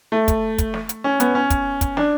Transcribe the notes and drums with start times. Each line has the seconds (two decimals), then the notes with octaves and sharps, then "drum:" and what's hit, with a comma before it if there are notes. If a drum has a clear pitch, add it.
0.12 A3
0.28 drum: kick, hi-hat
0.58 drum: kick, hi-hat
0.74 drum: snare
0.89 drum: hi-hat
1.04 C#4
1.20 B3, drum: hi-hat
1.35 C#4
1.50 drum: kick, hi-hat
1.81 drum: kick, hi-hat
1.97 D4, drum: snare